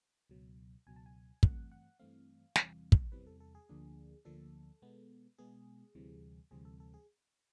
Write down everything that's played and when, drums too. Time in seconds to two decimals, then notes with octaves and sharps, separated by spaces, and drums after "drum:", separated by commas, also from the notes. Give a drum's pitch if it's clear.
0.30 C#2 B2 F#3
0.87 C#2 B2 F#3 G#5
0.96 A5
1.06 G#5
1.43 G2 E3 A3 C4 F#5, drum: kick
1.71 F#5
1.99 G2 E3 A3 C4 F5
2.56 E2 C3 E3 G3 C4, drum: snare
2.92 drum: kick
3.12 E2 C3 E3 G3 C4 B4
3.27 A4
3.40 A4
3.55 G#4
3.69 D2 D3 F3 A#3 D4
4.25 D2 D3 F3 A#3 D4 A4
4.82 B2 G#3 B3
5.38 B2 G#3 B3 G#4
5.95 D2 C3 E3 G3 C4
6.51 D2 C3 E3 G3 C4 G#4
6.65 A4
6.80 A4
6.94 G#4